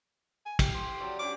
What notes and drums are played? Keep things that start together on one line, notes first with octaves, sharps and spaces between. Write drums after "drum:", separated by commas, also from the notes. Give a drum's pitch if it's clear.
G#5
G4, drum: kick, cymbal
C5
F#3 C4 D5
C#4 D4 G4 D6